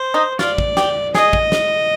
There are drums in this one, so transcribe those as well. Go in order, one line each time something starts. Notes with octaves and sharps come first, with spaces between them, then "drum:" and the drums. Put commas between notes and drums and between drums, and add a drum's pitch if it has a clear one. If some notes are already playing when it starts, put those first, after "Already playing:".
Already playing: C5
D#4
F4 D5, drum: snare
drum: kick
G4, drum: snare
G#4 D#5, drum: snare
drum: kick
drum: snare